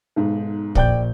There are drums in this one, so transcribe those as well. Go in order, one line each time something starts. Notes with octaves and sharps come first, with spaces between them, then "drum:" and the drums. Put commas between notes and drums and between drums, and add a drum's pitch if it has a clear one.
B1 G#2
A#1 D5 G5 G6, drum: kick